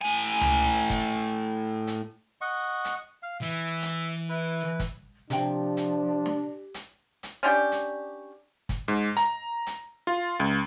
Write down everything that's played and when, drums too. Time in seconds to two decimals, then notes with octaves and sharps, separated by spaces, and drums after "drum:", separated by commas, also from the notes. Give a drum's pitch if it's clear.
0.01 A2 G#5
0.41 drum: tom C#2
0.90 drum: kick, hi-hat
1.87 drum: hi-hat
2.41 D#5 F#5 C#6
2.85 drum: hi-hat
3.22 F5
3.42 E3 E5
3.82 drum: hi-hat
4.29 E4 B4
4.80 drum: kick, hi-hat
5.30 C3 F3 D4 G4 G5, drum: hi-hat
5.77 drum: hi-hat
6.26 drum: snare
6.74 drum: hi-hat
7.23 drum: hi-hat
7.43 C#4 D4 G4
7.72 drum: hi-hat
8.69 drum: kick, hi-hat
8.88 G#2
9.17 A#5, drum: hi-hat
9.67 drum: hi-hat
10.07 F4
10.40 C#2